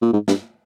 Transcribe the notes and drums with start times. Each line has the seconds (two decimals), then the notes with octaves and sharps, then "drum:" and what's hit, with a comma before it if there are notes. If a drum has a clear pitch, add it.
0.02 A#2
0.13 G#2
0.28 G2, drum: snare